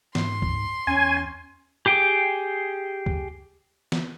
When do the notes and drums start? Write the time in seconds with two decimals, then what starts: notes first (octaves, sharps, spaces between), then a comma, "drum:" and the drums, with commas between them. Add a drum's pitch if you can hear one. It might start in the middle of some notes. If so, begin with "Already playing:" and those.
0.15 G#2 C6, drum: snare
0.42 drum: kick
0.87 E2 C#4 G#5
1.86 G4 G#4 G5
3.06 drum: kick
3.92 drum: snare